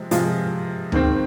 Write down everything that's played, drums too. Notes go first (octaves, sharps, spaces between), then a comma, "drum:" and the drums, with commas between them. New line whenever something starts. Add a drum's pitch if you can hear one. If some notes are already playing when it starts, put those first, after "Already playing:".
Already playing: C3 F3 G#3
C3 F3 G#3 F4, drum: hi-hat
G#2 D#3 C4, drum: tom D2